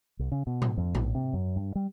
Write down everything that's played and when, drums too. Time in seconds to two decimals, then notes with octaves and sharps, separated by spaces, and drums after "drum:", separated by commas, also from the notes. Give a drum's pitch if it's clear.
0.19 C2
0.32 C#3
0.47 B2
0.62 drum: tom G#2
0.78 F2
0.95 A#1, drum: tom G#2
1.15 C3
1.34 F#2
1.56 G2
1.75 G3